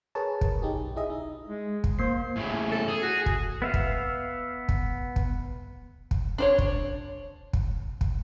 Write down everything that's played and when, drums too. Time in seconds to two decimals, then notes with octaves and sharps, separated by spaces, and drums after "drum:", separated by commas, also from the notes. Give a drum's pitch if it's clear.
0.15 G#4 A#4 B4 C#5 A5
0.41 drum: kick
0.62 D#4 G4 G#4
0.75 B1
0.96 E4 G#4 D#5 E5
1.10 D#4
1.47 G#3
1.84 drum: kick
1.99 A#3 C5 C7
2.36 A2 C#3
2.71 A4
2.88 G#4
3.02 F#4
3.26 drum: kick
3.62 B3 E5 F5
3.74 drum: kick
4.69 drum: kick
5.16 drum: kick
6.11 drum: kick
6.38 D4 C5 C#5
6.58 drum: kick
7.53 drum: kick
8.01 drum: kick